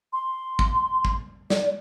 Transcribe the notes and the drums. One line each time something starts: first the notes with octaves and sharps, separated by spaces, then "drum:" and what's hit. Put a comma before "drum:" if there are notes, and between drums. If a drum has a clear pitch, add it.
C6
drum: kick
drum: kick
D5, drum: snare